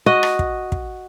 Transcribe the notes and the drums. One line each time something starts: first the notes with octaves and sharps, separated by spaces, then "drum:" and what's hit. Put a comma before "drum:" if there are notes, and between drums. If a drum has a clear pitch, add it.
F#4 D#5
drum: rim click
drum: kick
drum: kick